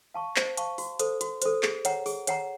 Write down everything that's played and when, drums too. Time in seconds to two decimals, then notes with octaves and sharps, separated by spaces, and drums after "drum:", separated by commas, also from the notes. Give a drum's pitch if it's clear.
0.14 F5 A5 C#6
0.36 C5, drum: clap
0.57 F5 A5 C#6, drum: hi-hat
0.78 F#4, drum: open hi-hat
0.99 A4 C5, drum: hi-hat
1.21 F#4, drum: hi-hat
1.42 A4 C5, drum: hi-hat
1.63 G#4, drum: clap
1.85 C#5 F#5 A#5, drum: hi-hat
2.06 G#4, drum: open hi-hat
2.27 C#5 F#5 A#5, drum: hi-hat